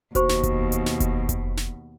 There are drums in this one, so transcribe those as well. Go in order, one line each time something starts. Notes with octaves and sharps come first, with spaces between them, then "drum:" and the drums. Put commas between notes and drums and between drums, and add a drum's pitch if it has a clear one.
D#2 B2 F#4 C5 C#6, drum: kick F1, hi-hat
drum: snare
drum: kick F1, hi-hat
drum: hi-hat
drum: snare
drum: kick F1, hi-hat
drum: kick F1, hi-hat
drum: snare